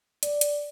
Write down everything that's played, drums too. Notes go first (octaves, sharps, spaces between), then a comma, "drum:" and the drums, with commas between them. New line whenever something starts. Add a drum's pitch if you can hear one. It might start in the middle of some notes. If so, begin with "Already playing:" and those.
D5, drum: hi-hat
drum: hi-hat